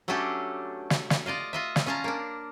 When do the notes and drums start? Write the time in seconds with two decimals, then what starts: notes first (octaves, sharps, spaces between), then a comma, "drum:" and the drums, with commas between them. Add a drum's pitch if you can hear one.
0.08 F#3 A3 C#4 D4 G4 A4
0.90 drum: snare
1.10 drum: snare
1.26 F4 D5 D#5 F5
1.53 F4 D#5 E5
1.76 drum: snare
1.86 C#4 F4 F5 A5 A#5
2.04 A#3 D4